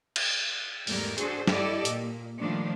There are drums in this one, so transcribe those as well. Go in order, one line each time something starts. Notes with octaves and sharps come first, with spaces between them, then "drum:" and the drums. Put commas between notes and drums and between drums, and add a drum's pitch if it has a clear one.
drum: cymbal
E2 G#2 G3 A3 A#4, drum: open hi-hat
D4 F#4 G#4 A4 C5, drum: hi-hat
G2 E4 G4 A4 D5 D#5, drum: snare
A#2 A#3, drum: hi-hat
D#3 F3 G3 A3 D4